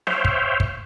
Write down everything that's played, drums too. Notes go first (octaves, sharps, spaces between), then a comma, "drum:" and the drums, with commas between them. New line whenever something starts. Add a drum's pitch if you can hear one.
C5 C#5 E5 F5 G5, drum: snare
drum: kick
drum: kick